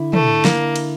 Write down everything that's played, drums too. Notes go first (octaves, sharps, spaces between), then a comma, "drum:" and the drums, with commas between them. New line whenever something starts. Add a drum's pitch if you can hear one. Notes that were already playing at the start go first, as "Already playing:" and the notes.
Already playing: D3 E4
A3, drum: tom
A#3, drum: snare
drum: cymbal